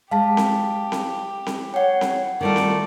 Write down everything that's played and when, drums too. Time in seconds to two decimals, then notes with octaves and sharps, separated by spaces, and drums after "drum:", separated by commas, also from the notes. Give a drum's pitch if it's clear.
0.11 G#3 G4 F5 A5 B6
0.37 drum: snare C4
0.92 drum: snare C4
1.46 drum: snare C4
1.74 C#5 F#5 G5
2.01 drum: snare C4
2.41 D#3 G3 A3 F4 A#4 D5
2.56 drum: snare C4